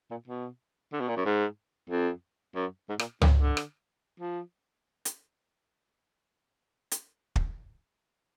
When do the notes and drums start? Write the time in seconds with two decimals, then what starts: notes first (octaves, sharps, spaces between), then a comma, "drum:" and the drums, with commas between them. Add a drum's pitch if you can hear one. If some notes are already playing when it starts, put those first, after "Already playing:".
0.11 A#2
0.28 B2
0.93 D3
1.00 B2
1.08 A#2
1.17 F#2
1.26 G#2
1.90 F2
2.55 F#2
2.89 G#2
2.99 A#2, drum: rim click
3.21 D3, drum: tom C#2
3.38 D3
3.57 drum: rim click
4.20 F3
5.05 drum: hi-hat
6.91 drum: hi-hat
7.36 drum: kick